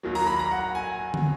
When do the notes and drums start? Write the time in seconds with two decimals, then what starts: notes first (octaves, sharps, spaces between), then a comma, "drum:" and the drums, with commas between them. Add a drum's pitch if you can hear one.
0.03 D#2 D#3 F#3
0.15 A#5, drum: open hi-hat
0.27 B5
0.39 A#5
0.51 F#5
0.75 G#5
1.14 drum: tom